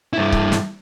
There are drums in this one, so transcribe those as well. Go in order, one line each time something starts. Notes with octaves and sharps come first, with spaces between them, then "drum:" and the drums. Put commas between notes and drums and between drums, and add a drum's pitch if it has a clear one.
G2 E4
drum: kick C#1
drum: snare